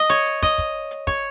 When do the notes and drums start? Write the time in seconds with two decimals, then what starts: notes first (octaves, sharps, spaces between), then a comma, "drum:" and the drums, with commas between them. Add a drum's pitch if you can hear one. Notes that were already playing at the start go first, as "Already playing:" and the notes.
Already playing: D#5
0.10 C#5
0.26 drum: hi-hat
0.42 D#5, drum: kick
0.58 drum: kick, hi-hat
0.91 drum: hi-hat
1.07 C#5, drum: kick